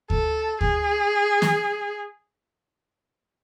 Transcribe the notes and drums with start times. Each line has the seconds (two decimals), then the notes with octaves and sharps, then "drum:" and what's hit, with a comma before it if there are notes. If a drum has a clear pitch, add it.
0.10 A4, drum: kick D2
0.61 G#4, drum: kick D2
1.42 drum: snare